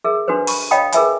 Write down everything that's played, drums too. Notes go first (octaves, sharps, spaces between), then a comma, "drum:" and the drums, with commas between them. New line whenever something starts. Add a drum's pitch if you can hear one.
G#4 A#4 E5
D4 F#4 A4 B4 C5
B5 C#6, drum: open hi-hat
C#5 D#5 F5 G5 B5 D#6
G#4 A#4 B4 E5 G#5 B5, drum: hi-hat